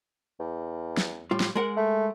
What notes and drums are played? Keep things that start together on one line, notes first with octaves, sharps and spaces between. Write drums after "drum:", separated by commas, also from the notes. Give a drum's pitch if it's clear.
E2
drum: snare
A2 G3 F4
drum: snare
G#3 A#4 F#5
A3